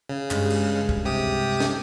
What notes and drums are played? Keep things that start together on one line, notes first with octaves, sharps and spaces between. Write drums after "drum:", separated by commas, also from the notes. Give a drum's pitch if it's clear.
C#3
G2 G#3, drum: clap
drum: cymbal
drum: kick
C3 G4 D#6
drum: snare